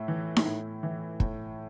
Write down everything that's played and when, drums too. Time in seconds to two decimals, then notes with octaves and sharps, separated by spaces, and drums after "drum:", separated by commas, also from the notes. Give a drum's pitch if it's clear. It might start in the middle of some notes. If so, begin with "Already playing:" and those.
Already playing: A2 E5
0.08 E3
0.36 drum: snare D#4
0.46 A2
0.83 E3
1.20 A2, drum: kick